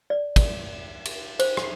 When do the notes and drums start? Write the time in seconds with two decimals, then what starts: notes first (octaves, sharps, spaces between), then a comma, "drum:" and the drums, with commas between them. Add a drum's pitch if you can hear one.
0.10 D5
0.36 drum: kick, cymbal
1.05 drum: cymbal
1.39 C5, drum: cymbal
1.57 drum: rim click